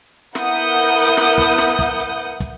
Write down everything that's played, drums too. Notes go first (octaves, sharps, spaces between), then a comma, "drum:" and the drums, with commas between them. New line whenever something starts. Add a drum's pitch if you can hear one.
B3 E4 A#4 F#5 D#6 G6, drum: snare
drum: hi-hat
drum: hi-hat
drum: hi-hat
drum: snare
drum: kick, hi-hat
drum: snare
drum: kick, hi-hat
drum: hi-hat
drum: kick, hi-hat